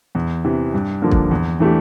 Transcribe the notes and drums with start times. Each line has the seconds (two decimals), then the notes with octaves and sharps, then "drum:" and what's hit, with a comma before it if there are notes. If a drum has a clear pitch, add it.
0.15 E2
0.44 C3 E3
0.74 G2
1.02 D3 F3 A#3 D4
1.11 drum: kick
1.31 E2
1.60 E3 A3 D4 G4